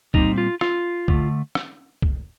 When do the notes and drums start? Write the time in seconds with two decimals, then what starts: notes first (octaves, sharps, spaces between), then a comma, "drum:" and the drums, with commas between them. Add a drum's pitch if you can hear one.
0.14 A#2 G3 C4 D#4, drum: kick C2
0.38 F4
0.61 F4, drum: rim click
1.08 D3 A3, drum: kick C2
1.55 drum: rim click
2.02 drum: kick C2